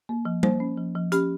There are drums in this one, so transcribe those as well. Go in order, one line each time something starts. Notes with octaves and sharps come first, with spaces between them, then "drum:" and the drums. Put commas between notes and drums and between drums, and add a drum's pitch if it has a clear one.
A#3
F3
A#3 C5, drum: tom G3
C#4
F3
F3
C#4 G4, drum: hi-hat